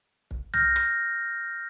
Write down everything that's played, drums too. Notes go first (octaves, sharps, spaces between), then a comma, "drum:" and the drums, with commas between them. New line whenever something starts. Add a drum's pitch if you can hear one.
drum: kick
F6 G6 A#6, drum: tom
drum: rim click